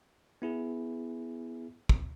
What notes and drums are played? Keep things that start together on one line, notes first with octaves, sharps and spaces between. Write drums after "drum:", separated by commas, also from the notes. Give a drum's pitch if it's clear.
B3 E4 G#4
drum: kick